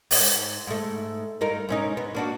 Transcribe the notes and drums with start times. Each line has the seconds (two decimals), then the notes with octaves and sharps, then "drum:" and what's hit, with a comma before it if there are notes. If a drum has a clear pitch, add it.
0.11 G#2, drum: open hi-hat
0.67 G#2 A3
1.41 G2 D#4 A#4
1.69 G#2 C#4 D#4
1.97 B3
2.15 A#3 D4 F#4